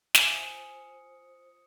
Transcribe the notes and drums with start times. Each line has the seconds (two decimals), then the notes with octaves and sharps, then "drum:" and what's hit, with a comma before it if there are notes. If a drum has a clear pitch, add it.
0.15 E5 F5 G#5, drum: snare
0.31 F4 C5 D#6 C#7